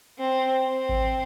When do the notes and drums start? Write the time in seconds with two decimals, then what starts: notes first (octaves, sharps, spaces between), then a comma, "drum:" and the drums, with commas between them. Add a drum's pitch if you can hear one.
0.18 C4
0.63 C4
0.89 drum: kick G#1